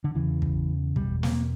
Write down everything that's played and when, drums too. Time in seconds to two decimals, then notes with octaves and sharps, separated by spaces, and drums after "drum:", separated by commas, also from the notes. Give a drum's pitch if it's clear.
0.04 D3
0.15 E2 C#3 E3
0.42 drum: kick
0.96 E2 B2 G3, drum: kick
1.23 A#3, drum: snare